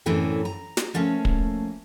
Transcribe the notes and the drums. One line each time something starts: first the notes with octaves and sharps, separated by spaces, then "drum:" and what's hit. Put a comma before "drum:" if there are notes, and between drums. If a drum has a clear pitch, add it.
F#2 A2 D3 E3 A3 C4
A#5
drum: snare
F3 A3 A#3 C#4
drum: kick